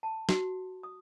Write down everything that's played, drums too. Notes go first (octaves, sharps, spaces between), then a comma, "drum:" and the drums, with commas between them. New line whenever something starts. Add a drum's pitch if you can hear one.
A5
F#4, drum: snare
D#6